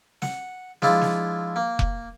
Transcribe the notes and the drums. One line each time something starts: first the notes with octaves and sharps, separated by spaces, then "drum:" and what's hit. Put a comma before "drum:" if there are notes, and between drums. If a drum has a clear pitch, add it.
F#5, drum: snare
F3 G#3 D4 E4 F4, drum: snare
drum: snare
A#3
drum: kick F1